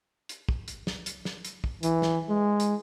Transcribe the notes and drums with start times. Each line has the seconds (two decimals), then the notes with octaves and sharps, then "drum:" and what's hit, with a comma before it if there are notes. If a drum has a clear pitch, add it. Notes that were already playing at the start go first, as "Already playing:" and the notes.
0.29 drum: hi-hat
0.49 drum: kick
0.68 drum: hi-hat
0.87 drum: snare
1.06 drum: hi-hat
1.25 drum: snare
1.45 drum: hi-hat
1.64 drum: kick
1.83 E3, drum: hi-hat
2.02 drum: snare
2.29 G#3
2.60 drum: hi-hat